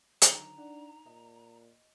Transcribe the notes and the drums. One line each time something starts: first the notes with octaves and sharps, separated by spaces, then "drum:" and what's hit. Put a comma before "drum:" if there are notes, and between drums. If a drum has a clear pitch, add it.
D3 D#3 F#3 A#5, drum: hi-hat
D4 D#4 D5 F#5
A#2 D#5